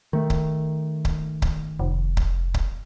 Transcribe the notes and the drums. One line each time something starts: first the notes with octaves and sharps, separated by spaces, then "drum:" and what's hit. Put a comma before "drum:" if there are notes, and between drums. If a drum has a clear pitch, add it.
D#3 A3
drum: kick C#1
drum: kick C#1
drum: kick C#1
F1
drum: kick C#1
drum: kick C#1